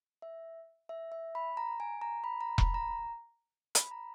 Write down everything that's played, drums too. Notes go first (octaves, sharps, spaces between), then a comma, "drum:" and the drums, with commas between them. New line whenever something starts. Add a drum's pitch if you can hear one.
E5
E5
E5
B5
A#5
G#5
A#5
B5
A#5
B5, drum: kick E1
A#5
B5, drum: hi-hat
A#5